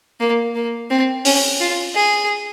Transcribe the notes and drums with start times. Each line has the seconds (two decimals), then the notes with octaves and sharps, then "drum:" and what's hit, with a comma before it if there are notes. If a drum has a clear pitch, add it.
0.20 A#3
0.55 A#3
0.90 C4
1.25 C#4, drum: open hi-hat
1.60 F4
1.95 G#4